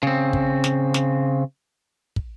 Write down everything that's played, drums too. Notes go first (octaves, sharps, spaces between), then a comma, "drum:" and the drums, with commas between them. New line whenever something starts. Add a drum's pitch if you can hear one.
C#3 C4
drum: kick
drum: snare
drum: snare
drum: kick